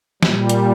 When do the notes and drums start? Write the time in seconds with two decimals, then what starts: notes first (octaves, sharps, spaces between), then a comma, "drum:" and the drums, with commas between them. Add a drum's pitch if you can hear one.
0.23 A#2 G3, drum: snare
0.50 drum: hi-hat